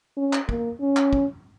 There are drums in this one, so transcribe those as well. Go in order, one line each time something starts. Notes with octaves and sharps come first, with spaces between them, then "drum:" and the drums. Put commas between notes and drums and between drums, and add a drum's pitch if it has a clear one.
C#4
drum: clap
A#3, drum: kick
C#4
drum: clap
drum: kick